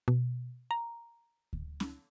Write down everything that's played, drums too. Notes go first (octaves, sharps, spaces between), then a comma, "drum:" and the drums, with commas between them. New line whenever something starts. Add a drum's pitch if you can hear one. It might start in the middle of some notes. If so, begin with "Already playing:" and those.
B2
A#5
drum: kick D2
drum: snare C#4